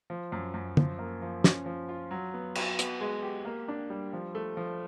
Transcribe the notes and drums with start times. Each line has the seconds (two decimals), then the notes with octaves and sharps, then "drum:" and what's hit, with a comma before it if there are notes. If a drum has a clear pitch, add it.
0.10 F3
0.32 F#2
0.54 F#2
0.77 F3, drum: tom
0.99 A#3
1.22 F3
1.44 C#4, drum: snare
1.66 F3
1.89 F4
2.11 F#3
2.34 B3
2.55 F#4, drum: cymbal
2.79 B3, drum: hi-hat
3.01 G#3
3.22 G4
3.45 A#3
3.68 D4
3.90 G3
4.13 F3
4.35 A3
4.57 F3